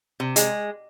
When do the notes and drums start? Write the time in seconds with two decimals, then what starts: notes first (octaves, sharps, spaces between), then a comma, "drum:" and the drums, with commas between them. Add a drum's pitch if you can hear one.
0.20 C3
0.36 G#3, drum: hi-hat